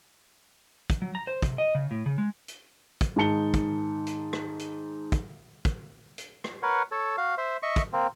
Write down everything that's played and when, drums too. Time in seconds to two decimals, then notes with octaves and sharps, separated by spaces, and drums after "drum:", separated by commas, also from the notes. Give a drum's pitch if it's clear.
0.90 drum: kick, hi-hat
1.02 F#3
1.15 A#5
1.27 C5
1.42 C3, drum: kick, hi-hat
1.58 D#5
1.75 C#3
1.91 A2
2.06 C#3
2.18 G#3
2.48 drum: hi-hat
3.01 drum: kick, hi-hat
3.16 G#2 D#3 D#4 A5 C#7 G7
3.54 drum: kick, hi-hat
4.07 drum: hi-hat
4.33 drum: rim click
4.59 drum: hi-hat
5.12 drum: kick, hi-hat
5.65 drum: kick, hi-hat
6.18 drum: hi-hat
6.44 drum: rim click
6.63 A#4 B4 C#5 F#5
6.91 A4 C#5
7.18 F#4 F5
7.38 C5 E5
7.63 D#5 E5 C#6
7.76 drum: kick, hi-hat
7.93 A#3 C4